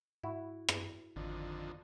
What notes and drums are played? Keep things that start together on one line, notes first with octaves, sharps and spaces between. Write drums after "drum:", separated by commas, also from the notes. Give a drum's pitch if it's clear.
G#2 E4 F#4
drum: rim click
G#1 F2 D3 D#3